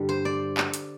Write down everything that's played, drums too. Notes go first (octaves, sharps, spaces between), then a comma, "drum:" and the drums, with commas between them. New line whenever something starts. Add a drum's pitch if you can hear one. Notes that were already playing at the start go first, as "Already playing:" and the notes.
Already playing: G2 D3 G3
C5
D5
drum: clap
drum: hi-hat